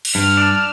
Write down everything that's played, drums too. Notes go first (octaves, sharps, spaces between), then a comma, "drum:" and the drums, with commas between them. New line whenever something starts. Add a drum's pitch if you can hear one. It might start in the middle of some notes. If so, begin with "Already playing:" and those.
drum: cymbal
G2 F6
D4